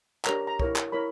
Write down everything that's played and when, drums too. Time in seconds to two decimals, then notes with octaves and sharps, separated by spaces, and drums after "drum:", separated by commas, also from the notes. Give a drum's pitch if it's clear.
0.25 D4 G4 A#4 C#5 A#5, drum: clap
0.47 A#5
0.60 E4 A#4 C#5, drum: kick
0.76 drum: clap
0.92 E4 A#4 C#5 B5